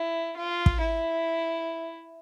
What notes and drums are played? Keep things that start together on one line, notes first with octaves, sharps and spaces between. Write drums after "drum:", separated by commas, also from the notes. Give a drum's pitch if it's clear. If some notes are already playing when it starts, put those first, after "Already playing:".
Already playing: E4
F4
drum: kick
E4